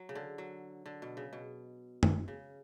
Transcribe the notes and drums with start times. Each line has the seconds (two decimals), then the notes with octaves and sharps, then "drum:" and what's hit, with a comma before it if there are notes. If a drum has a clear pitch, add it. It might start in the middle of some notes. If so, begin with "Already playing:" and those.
Already playing: F#3
0.09 C#3
0.15 D3
0.38 F#3
0.86 D3
1.02 B2
1.17 C#3
1.33 B2
2.03 drum: tom
2.28 C#3